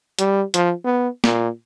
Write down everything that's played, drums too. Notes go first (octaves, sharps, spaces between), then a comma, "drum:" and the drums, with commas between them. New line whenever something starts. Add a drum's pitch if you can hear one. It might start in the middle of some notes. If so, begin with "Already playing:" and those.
G3, drum: hi-hat
F3, drum: hi-hat
B3
A#2, drum: snare